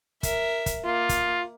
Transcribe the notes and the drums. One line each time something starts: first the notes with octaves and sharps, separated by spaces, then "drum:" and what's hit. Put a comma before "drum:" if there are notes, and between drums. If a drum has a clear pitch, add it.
A#4 E5, drum: kick, hi-hat
drum: kick, hi-hat
A#3 F4
drum: kick, hi-hat